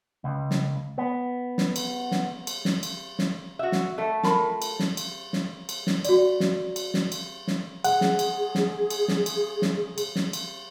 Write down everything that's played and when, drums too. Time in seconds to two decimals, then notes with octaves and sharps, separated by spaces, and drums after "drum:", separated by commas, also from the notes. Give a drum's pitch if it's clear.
0.24 C#2
0.51 drum: snare
0.98 B3
1.58 drum: snare
1.76 drum: cymbal
2.11 drum: snare
2.47 drum: cymbal
2.65 drum: snare
2.83 drum: cymbal
3.19 drum: snare
3.59 F#4 E5
3.72 drum: snare
3.98 A3 E5
4.23 F4 A#4 B5, drum: snare
4.62 drum: cymbal
4.79 drum: snare
4.97 drum: cymbal
5.33 drum: snare
5.69 drum: cymbal
5.87 drum: snare
6.05 F#4 D5, drum: cymbal
6.40 drum: snare
6.76 drum: cymbal
6.94 drum: snare
7.12 drum: cymbal
7.48 drum: snare
7.84 G#4 F#5, drum: cymbal
8.01 drum: snare
8.19 drum: cymbal
8.55 drum: snare
8.90 drum: cymbal
9.08 drum: snare
9.26 drum: cymbal
9.62 drum: snare
9.98 drum: cymbal
10.16 drum: snare
10.33 drum: cymbal